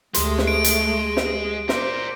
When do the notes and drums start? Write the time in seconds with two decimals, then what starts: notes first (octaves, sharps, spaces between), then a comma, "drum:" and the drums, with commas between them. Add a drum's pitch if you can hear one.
0.14 D2 G#3 A3 G4 C6, drum: hi-hat
0.38 drum: snare
0.47 D7
0.64 drum: hi-hat
1.17 drum: snare
1.69 A#4 C5 D5, drum: snare